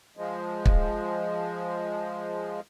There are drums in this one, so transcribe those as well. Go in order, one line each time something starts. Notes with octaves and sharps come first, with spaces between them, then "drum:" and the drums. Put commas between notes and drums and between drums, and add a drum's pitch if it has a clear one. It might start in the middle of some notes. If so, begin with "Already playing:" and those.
F3 G#3
drum: kick